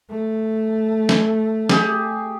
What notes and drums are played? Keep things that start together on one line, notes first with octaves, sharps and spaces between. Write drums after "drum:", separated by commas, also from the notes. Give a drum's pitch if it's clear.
A3
drum: snare
G4 G#4, drum: snare